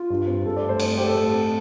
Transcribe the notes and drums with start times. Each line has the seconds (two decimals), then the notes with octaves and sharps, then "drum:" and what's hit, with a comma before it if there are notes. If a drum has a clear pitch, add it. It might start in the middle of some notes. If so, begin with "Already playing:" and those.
Already playing: F4
0.10 G2
0.27 C4
0.45 G2 A4
0.56 D5
0.62 A3
0.69 C5
0.80 A3 C5, drum: cymbal
0.97 A3 G4
1.06 A4
1.15 A2
1.32 C4